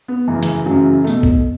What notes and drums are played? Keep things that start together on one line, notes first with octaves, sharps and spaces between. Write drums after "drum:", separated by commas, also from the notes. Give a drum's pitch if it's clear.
B3
F#2 C#3 E3
E3, drum: hi-hat
F#2 C#3 E3 F#3
A3
B2, drum: tambourine
drum: kick B1